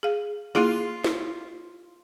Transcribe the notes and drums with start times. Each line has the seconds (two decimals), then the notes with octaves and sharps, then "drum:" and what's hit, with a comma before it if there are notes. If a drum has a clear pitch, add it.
0.03 G#4 F5
0.55 A#3 E4 F4 G#4
1.04 drum: snare